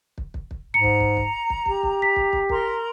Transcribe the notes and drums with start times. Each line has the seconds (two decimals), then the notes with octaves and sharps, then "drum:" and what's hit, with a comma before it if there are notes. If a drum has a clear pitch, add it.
0.18 drum: kick
0.34 drum: kick
0.51 drum: kick
0.74 G#2 A#5 C#7
0.84 drum: kick
1.00 drum: kick
1.17 drum: kick
1.50 drum: kick
1.66 G4, drum: kick
1.83 drum: kick
2.02 B6
2.16 drum: kick
2.33 drum: kick
2.49 A#4 A#5 C6, drum: kick